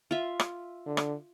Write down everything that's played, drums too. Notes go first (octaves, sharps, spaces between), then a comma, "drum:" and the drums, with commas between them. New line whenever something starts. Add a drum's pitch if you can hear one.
F4 E5
drum: rim click
D3
drum: rim click